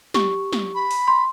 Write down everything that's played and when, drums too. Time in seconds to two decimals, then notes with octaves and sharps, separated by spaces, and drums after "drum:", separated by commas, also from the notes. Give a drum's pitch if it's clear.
0.14 G4 C#6, drum: snare
0.53 drum: snare
0.74 B5
0.91 drum: open hi-hat
1.07 C6